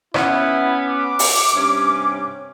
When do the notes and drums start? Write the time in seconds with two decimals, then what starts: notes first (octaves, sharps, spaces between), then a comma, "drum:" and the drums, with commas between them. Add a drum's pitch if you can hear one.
0.14 B3 C#4 E4, drum: rim click
0.87 D6
1.19 drum: open hi-hat
1.54 G2 C3 C#4